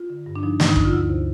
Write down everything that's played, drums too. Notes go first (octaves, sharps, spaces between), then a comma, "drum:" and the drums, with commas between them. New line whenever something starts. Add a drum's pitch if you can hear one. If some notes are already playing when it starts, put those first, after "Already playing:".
Already playing: F4
D3
G2
D4
F3 D#4
G2, drum: snare
D#4
D3, drum: kick
F4
D2 E4
C3